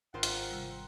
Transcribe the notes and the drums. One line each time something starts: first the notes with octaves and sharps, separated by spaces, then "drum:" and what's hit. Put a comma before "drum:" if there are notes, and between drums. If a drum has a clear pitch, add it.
G#1 F4 A#4 C5 F#5 G5 C6
drum: hi-hat
C3 G3